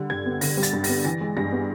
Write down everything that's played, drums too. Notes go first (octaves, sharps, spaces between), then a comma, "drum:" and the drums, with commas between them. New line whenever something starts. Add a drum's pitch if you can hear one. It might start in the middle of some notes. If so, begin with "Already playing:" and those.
Already playing: D3 G3
G2 G#6
B3
D3 A#6, drum: open hi-hat
G3
A6, drum: hi-hat
G2
A#6, drum: open hi-hat
B3
E3 A#6
G#3
G2 A#6
B3